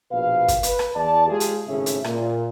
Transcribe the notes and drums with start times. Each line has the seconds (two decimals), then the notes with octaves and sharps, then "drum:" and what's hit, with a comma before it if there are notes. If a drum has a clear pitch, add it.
0.11 A#1 B2 B4 F5
0.48 drum: kick, hi-hat
0.63 B4, drum: hi-hat
0.79 drum: rim click
0.94 E2 E3 D5 A5
1.28 G#3 F4 G4 G#4
1.40 drum: hi-hat
1.67 G#1 A2 C#3 C#4 G#4 E5
1.86 drum: hi-hat
2.04 A#2, drum: rim click